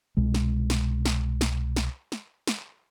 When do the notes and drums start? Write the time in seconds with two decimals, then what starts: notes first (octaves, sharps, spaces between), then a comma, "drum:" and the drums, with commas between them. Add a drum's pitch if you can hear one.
0.17 C2 B2 G#3
0.34 drum: snare
0.70 drum: snare
1.05 drum: snare
1.41 drum: snare
1.76 drum: snare
2.12 drum: snare
2.47 drum: snare